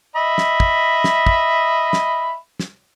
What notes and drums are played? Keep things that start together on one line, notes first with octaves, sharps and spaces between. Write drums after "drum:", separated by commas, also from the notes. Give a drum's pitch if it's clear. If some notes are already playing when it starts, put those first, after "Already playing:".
D#5 E5 B5
drum: snare
drum: kick
drum: snare
drum: kick
drum: snare
drum: snare